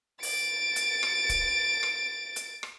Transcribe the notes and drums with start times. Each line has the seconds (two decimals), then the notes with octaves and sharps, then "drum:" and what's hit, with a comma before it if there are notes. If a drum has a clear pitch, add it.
0.23 A6 D7, drum: open hi-hat
0.76 drum: hi-hat
1.03 drum: rim click
1.29 drum: kick, hi-hat
1.83 drum: rim click
2.36 drum: hi-hat
2.63 drum: rim click